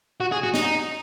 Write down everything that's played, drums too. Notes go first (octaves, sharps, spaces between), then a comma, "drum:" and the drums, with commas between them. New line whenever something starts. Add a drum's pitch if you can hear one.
F#4
G#4
F#4
D#4, drum: snare